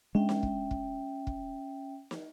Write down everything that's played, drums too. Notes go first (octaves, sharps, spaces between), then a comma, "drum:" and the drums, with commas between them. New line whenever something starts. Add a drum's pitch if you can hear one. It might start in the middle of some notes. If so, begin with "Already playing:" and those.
G#3 C#4 D4 E5 G5
drum: snare
drum: kick
drum: kick
drum: kick
drum: snare